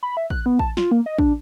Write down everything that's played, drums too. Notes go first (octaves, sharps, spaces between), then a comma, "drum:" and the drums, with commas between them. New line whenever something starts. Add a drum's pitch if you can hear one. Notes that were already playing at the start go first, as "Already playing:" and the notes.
B5
E5
F#6, drum: kick
B3
A5, drum: kick
F4, drum: snare
A#3
D#5
D4, drum: kick